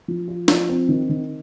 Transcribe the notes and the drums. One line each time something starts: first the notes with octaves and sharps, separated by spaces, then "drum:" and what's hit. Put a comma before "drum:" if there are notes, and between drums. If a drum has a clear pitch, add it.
F3
F4
F3, drum: snare D4
C4
D#3
D#3